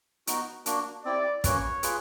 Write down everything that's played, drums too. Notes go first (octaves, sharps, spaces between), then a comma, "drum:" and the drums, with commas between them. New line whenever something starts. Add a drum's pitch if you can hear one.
B3 D#4 F#4, drum: hi-hat
A#3 D4 F#4, drum: hi-hat
C4 E4 G4 D5
A#3 C#4 F#4 B4 C#5, drum: kick, hi-hat
F4 G#4 B4, drum: hi-hat